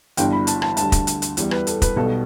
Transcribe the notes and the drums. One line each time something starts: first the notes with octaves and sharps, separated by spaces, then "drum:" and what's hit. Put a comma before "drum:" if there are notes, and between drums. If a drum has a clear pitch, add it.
G1 G2 E3 G3 G5, drum: hi-hat
B5
A5, drum: hi-hat
A5, drum: rim click
D2 D3 G3 A5, drum: hi-hat
drum: kick, hi-hat
drum: hi-hat
drum: hi-hat
E2 E3 G3, drum: hi-hat
B4, drum: rim click
A4, drum: hi-hat
B4, drum: kick, hi-hat
B1 B2 G3 A4